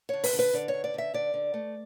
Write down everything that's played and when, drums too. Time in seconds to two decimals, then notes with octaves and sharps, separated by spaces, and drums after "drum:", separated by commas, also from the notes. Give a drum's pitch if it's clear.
0.09 D3 C#5
0.24 B4, drum: open hi-hat
0.33 D3
0.39 B4
0.53 D3 D5
0.68 C#5
0.74 D3
0.84 D5
0.94 D3 E5
1.14 D3 D5
1.34 D3
1.54 A3